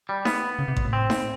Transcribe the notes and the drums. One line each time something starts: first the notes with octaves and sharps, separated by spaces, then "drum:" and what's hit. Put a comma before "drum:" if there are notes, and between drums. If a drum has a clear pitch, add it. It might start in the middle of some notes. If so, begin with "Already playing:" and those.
G3
B3, drum: snare D#4
C#3
C3
A#2, drum: kick A1
A2
C4
drum: snare D#4